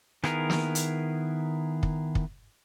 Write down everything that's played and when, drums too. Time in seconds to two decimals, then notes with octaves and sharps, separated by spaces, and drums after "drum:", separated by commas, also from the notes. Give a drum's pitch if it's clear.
0.24 D#3 B3 E4 G#4 A#4, drum: rim click
0.50 drum: snare
0.75 drum: hi-hat
1.83 drum: kick
2.15 drum: kick